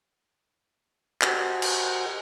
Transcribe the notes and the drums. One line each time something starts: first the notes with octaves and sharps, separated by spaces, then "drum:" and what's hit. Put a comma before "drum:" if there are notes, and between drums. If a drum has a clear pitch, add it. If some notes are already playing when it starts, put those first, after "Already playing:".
F#4 G4 A#4 C5 D#5 G#5, drum: clap
drum: cymbal